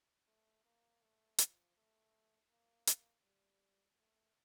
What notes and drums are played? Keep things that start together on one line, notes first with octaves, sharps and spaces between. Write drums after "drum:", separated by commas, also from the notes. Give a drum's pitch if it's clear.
A3
A#3
A3
F3, drum: hi-hat
A3
A#3
drum: hi-hat
G3
A3